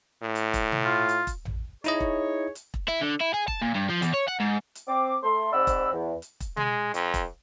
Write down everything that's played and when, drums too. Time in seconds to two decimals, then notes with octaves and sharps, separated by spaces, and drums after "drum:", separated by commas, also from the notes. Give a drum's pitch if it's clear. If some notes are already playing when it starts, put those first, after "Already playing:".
0.22 A2
0.35 drum: hi-hat
0.54 drum: kick E1, hi-hat
0.72 drum: tom B2
0.85 F4
1.09 drum: hi-hat
1.27 drum: kick E1, hi-hat
1.45 drum: tom A1
1.84 D#4 E4 G#4 C#5 D#5, drum: hi-hat
2.00 drum: kick E1
2.55 drum: hi-hat
2.74 drum: kick E1
2.88 E4
3.01 D3
3.20 E4
3.34 G#4
3.48 A5, drum: kick E1
3.62 A#2
3.75 G2
3.90 F3
4.02 E2, drum: hi-hat
4.14 C#5
4.28 F#5
4.40 G#2
4.75 drum: hi-hat
4.87 C4 D6
5.23 A3 C6
5.52 G#2 C4 D5 F#5 B5 E6
5.67 drum: kick E1, hi-hat
5.92 E2
6.22 drum: hi-hat
6.40 drum: kick E1, hi-hat
6.57 G#3, drum: tom B2
6.94 F2, drum: hi-hat
7.14 drum: kick E1, hi-hat